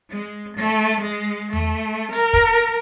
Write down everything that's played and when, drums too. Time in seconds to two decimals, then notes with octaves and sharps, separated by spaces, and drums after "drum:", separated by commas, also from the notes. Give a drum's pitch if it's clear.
0.11 G#3
0.58 A3
1.01 G#3
1.53 A3, drum: tom E2
2.13 A#4, drum: hi-hat
2.33 drum: kick